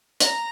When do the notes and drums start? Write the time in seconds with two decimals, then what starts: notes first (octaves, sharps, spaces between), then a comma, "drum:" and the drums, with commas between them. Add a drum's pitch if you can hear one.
0.20 A#5, drum: hi-hat